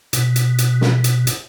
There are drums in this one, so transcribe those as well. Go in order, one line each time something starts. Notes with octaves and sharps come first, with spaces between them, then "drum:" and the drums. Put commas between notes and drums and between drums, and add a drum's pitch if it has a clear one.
B2, drum: hi-hat
drum: hi-hat
drum: hi-hat
drum: snare
drum: hi-hat
drum: hi-hat